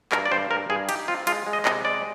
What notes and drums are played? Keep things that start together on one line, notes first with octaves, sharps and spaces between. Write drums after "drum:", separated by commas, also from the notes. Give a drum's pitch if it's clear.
G2 A#4, drum: clap
D5
G2 C5
G2 A#4
G2 G#4
D#4 G4, drum: cymbal
C4 F4
G#3 F4, drum: cymbal
G#3
D#5
C3 D#5, drum: clap
G#3 D5